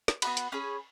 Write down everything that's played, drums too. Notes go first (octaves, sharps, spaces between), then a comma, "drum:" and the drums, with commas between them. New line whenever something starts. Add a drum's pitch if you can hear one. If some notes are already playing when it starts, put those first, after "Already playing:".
drum: snare
B3 D#4 F#4 B5, drum: cymbal
drum: hi-hat
C#4 G#4 B5